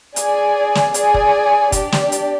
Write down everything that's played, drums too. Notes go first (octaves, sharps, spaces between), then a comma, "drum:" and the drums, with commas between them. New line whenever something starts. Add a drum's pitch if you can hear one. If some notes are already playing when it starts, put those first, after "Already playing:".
G#4 D5 G#5, drum: hi-hat
drum: snare
G#4 D5 G#5, drum: hi-hat
drum: kick
D4 G4 D5, drum: kick, hi-hat
drum: snare
drum: hi-hat